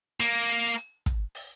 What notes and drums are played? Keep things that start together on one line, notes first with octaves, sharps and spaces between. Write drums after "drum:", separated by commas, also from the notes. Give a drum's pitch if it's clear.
A#3, drum: open hi-hat
drum: hi-hat
drum: hi-hat
drum: kick, hi-hat
drum: open hi-hat